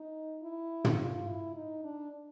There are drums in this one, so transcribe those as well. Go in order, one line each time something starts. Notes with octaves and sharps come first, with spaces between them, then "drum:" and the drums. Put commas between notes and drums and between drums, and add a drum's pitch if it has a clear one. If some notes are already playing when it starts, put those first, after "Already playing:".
Already playing: D#4
E4
drum: tom
F4
E4
D#4
D4